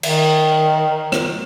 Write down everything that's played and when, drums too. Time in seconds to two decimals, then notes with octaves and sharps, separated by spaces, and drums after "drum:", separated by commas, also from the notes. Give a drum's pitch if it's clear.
0.03 D#3, drum: cymbal
1.12 drum: rim click